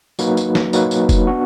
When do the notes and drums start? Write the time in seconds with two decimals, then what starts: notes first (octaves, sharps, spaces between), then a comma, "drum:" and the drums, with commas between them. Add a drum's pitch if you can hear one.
0.19 F#3 A#3 D#4 F#4 B4, drum: tambourine
0.37 drum: tambourine
0.55 drum: snare
0.73 F#3 A#3 D#4 F#4 B4, drum: tambourine
0.91 drum: tambourine
1.09 drum: kick F1, tambourine
1.27 B3 D4 F#4